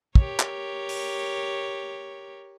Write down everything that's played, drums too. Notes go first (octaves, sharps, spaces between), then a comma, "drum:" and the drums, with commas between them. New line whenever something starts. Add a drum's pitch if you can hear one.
G4 A#4 C#5, drum: kick
drum: clap
drum: open hi-hat